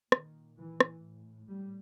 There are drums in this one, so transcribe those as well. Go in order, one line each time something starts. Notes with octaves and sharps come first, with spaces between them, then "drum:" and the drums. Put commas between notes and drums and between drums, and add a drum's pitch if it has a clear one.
A#2 D#3, drum: rim click
E3
drum: rim click
A2
G3